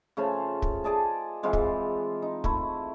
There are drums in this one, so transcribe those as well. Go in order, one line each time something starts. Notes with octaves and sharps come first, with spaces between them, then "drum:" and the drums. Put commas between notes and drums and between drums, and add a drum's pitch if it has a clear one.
C#3 A3 F4 C5
drum: kick
G#4 D5 D#5 A5
E3 G#3 C4 F4
drum: kick
D#4
A3 E4, drum: kick